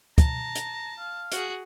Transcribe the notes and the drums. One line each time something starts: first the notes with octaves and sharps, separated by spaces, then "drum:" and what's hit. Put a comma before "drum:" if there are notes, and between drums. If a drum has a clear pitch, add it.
A5 A#5, drum: kick, hi-hat
drum: hi-hat
F5
F#4 G#4, drum: hi-hat